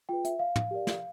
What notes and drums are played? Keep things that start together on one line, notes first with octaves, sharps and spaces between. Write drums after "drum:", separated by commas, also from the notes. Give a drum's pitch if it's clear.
F4 G#4 B4 G5
E5, drum: hi-hat
F5
drum: tom
G4 A#4 D5
drum: snare